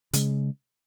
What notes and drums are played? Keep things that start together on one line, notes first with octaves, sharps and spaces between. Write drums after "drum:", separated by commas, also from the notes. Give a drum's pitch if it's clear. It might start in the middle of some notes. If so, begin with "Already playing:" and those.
C#3 G#3, drum: hi-hat